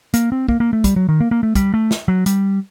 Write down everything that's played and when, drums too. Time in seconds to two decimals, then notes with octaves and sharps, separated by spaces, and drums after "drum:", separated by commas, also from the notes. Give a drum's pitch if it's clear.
0.14 A#3, drum: hi-hat
0.32 C4
0.49 A#3, drum: kick
0.60 A#3
0.73 A3
0.84 G3, drum: kick, hi-hat
0.96 F#3
1.09 D#3
1.20 A#3
1.31 A#3
1.43 A3
1.55 G3, drum: kick, hi-hat
1.74 A3
1.91 drum: snare
2.08 F#3
2.26 G3, drum: hi-hat